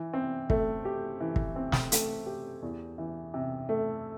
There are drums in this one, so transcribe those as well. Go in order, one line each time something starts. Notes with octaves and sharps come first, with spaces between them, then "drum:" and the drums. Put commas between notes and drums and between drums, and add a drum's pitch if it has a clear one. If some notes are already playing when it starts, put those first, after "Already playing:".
Already playing: E3
C4
A3, drum: kick
G4
E3
drum: kick
C4
drum: snare
A3, drum: hi-hat
G4
E2
E3
C3
A3